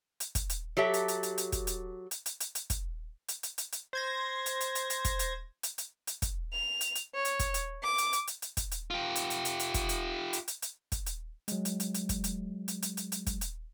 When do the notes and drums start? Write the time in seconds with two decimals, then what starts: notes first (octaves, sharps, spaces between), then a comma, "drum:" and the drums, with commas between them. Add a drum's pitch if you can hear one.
0.20 drum: hi-hat
0.35 drum: kick, hi-hat
0.50 drum: hi-hat
0.77 F#3 G4 A4 E5
0.94 drum: hi-hat
1.08 drum: hi-hat
1.23 drum: hi-hat
1.38 drum: hi-hat
1.52 drum: kick, hi-hat
1.67 drum: hi-hat
2.11 drum: hi-hat
2.26 drum: hi-hat
2.40 drum: hi-hat
2.55 drum: hi-hat
2.70 drum: kick, hi-hat
3.29 drum: hi-hat
3.43 drum: hi-hat
3.58 drum: hi-hat
3.73 drum: hi-hat
3.93 C5 G#6 A#6
4.46 drum: hi-hat
4.61 drum: hi-hat
4.75 drum: hi-hat
4.90 drum: hi-hat
5.05 drum: kick, hi-hat
5.19 drum: hi-hat
5.63 drum: hi-hat
5.78 drum: hi-hat
6.07 drum: hi-hat
6.22 drum: kick, hi-hat
6.53 F7
6.81 drum: hi-hat
6.95 drum: hi-hat
7.15 C#5
7.25 drum: hi-hat
7.40 drum: kick, hi-hat
7.54 drum: hi-hat
7.84 D6
7.98 drum: hi-hat
8.13 drum: hi-hat
8.28 drum: hi-hat
8.42 drum: hi-hat
8.57 drum: kick, hi-hat
8.72 drum: hi-hat
8.90 F4 G4
9.16 drum: hi-hat
9.30 drum: hi-hat
9.45 drum: hi-hat
9.60 drum: hi-hat
9.74 drum: kick, hi-hat
9.89 drum: hi-hat
10.33 drum: hi-hat
10.48 drum: hi-hat
10.62 drum: hi-hat
10.92 drum: kick, hi-hat
11.06 drum: hi-hat
11.48 F#3 G#3, drum: hi-hat
11.65 drum: hi-hat
11.80 drum: hi-hat
11.95 drum: hi-hat
12.09 drum: kick, hi-hat
12.24 drum: hi-hat
12.68 drum: hi-hat
12.83 drum: hi-hat
12.97 drum: hi-hat
13.12 drum: hi-hat
13.27 drum: kick, hi-hat
13.41 drum: hi-hat